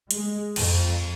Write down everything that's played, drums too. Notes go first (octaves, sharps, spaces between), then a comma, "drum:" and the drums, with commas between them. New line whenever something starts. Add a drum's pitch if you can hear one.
G#3, drum: hi-hat
F2, drum: cymbal